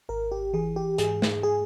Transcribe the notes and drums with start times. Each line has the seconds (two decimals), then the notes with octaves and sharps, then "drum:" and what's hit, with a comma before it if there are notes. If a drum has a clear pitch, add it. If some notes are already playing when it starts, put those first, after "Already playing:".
0.09 G#1 A#4
0.32 G4
0.53 E3 G#4
0.76 G4
0.98 G#2 G#4, drum: hi-hat
1.22 drum: snare
1.43 G#4